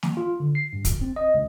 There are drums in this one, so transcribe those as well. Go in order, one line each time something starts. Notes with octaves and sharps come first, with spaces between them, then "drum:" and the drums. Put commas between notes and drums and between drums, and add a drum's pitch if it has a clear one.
drum: snare
F4
D3
C7
G2
G1, drum: kick, hi-hat
C4
D#5
C#2